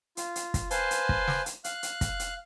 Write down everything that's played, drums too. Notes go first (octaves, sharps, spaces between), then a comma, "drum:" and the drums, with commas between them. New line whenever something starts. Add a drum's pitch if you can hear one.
F4, drum: hi-hat
drum: hi-hat
drum: kick, hi-hat
B4 C5 F5 G#5 A5 C6, drum: hi-hat
drum: hi-hat
drum: kick
drum: snare
drum: hi-hat
F5 F#6, drum: hi-hat
drum: hi-hat
drum: kick, hi-hat
drum: hi-hat